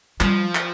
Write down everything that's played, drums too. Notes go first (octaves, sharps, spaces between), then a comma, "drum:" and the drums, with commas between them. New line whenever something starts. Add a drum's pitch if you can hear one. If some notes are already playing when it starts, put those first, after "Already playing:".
F3 G3, drum: clap
drum: clap